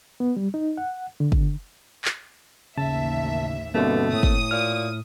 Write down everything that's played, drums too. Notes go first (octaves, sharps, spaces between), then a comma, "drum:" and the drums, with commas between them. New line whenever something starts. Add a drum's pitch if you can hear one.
B3
G3
D#4
F#5
D3
drum: kick
drum: clap
A1 D#2 C#3 E5 A5
G2 B2 D3 A3 A#3 C4
A2 D#6
drum: kick
A#2 F6